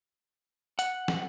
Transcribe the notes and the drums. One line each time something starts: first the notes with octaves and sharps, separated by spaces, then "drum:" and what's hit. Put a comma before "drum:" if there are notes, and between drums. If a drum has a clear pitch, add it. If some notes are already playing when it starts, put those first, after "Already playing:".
F#5, drum: hi-hat
drum: snare